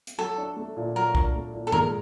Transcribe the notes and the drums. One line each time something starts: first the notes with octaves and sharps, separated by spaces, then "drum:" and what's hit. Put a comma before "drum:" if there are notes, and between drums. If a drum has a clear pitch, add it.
drum: hi-hat
F#3 A4
D4
A3
A#2
F#3 A#4
D4, drum: kick
A3
A#2
A4
G#3 A#4, drum: tom G2